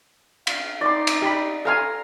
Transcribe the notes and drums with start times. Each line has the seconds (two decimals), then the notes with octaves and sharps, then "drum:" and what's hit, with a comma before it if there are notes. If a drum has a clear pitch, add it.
0.47 F5, drum: cymbal
0.81 D#4 D5 C6
1.07 drum: cymbal
1.22 G4 B5
1.65 A4 F5 G#5 A#5 C6